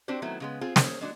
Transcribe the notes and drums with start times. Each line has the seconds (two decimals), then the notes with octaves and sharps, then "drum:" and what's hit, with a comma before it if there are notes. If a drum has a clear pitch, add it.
0.08 C4 D4 F#4 G4 C5
0.22 D#3 F#3 A3 B3 C4 E4
0.40 C#3 G#3 B3
0.61 C4 F4 G#4
0.76 C#4 G#4 C5 C#5, drum: snare
1.01 G#3 D4 F#4